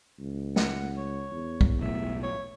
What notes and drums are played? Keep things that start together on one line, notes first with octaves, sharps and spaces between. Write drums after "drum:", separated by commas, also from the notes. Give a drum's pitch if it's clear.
C#2
F#5, drum: snare
C#5
E2
drum: kick
B1 A2 E5
C#5